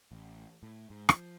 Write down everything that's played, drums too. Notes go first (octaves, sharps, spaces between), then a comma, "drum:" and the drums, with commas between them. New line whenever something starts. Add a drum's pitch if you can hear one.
A1
A2
G#2
F3, drum: rim click